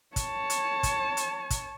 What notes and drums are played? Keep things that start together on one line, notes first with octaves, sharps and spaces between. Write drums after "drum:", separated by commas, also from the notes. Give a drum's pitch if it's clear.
C#5 A5, drum: kick, hi-hat
drum: hi-hat
drum: kick, hi-hat
drum: hi-hat
drum: kick, hi-hat